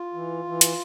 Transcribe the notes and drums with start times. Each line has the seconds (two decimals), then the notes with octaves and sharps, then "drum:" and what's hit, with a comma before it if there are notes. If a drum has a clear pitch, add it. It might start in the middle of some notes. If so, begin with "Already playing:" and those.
Already playing: F4
0.14 E3
0.45 E3
0.61 drum: hi-hat